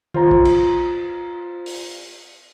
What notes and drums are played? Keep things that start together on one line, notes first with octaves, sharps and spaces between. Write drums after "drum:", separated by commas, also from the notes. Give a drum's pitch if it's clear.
F4 C5 A#5, drum: tom D#3
drum: kick
drum: cymbal
drum: open hi-hat